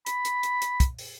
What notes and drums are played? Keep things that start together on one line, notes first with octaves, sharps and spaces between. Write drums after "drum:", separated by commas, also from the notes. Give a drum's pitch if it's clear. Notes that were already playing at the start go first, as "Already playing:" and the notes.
B5, drum: hi-hat
drum: hi-hat
drum: hi-hat
drum: hi-hat
drum: kick, hi-hat
drum: open hi-hat